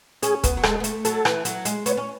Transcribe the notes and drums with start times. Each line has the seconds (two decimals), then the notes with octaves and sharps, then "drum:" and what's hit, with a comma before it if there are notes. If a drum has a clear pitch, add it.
0.23 C#4 G#4, drum: hi-hat
0.44 B3, drum: kick, hi-hat
0.57 F#3
0.63 G#3 A4, drum: rim click
0.80 B3
0.84 A3, drum: hi-hat
1.05 F#3 A4, drum: hi-hat
1.25 E3, drum: rim click
1.45 F#3, drum: hi-hat
1.65 G#3, drum: hi-hat
1.86 B3 C#5, drum: hi-hat
1.97 C#4